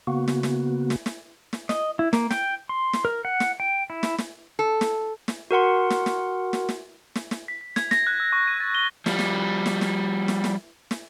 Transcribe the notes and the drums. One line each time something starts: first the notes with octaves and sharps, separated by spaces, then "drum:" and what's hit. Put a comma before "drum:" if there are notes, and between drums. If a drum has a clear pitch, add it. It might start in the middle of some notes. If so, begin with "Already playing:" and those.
C#3 A#3 B3 F#4
drum: snare
drum: snare
drum: snare
drum: snare
drum: snare
D#5, drum: snare
E4
A#3, drum: snare
G5, drum: snare
C6
drum: snare
A#4
F#5
drum: snare
G5
E4
drum: snare
drum: snare
A4
drum: snare
drum: snare
F#4 A#4 F#5 C6
drum: snare
drum: snare
drum: snare
drum: snare
drum: snare
drum: snare
B6
B6
G#6, drum: snare
A#6, drum: snare
F#6
E6
C#6
D#7
A6
G7
F3 G3, drum: snare
drum: snare
drum: snare
drum: snare
drum: snare
drum: snare
drum: snare